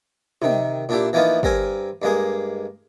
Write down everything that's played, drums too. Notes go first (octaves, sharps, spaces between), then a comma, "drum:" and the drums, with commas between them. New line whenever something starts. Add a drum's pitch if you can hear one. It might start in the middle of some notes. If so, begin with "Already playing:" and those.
C3 D#3, drum: tom
A#2 D4 E4 G4
E3 F3 A#3 B3 D#4 F4
G2 C4 A#4 G#5, drum: kick
G2 G#3 A#3 G#4